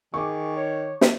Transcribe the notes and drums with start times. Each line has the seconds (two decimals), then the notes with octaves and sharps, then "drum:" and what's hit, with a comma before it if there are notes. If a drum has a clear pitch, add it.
0.14 D#3 G#4 C#6 D6
0.56 C#5
1.01 drum: snare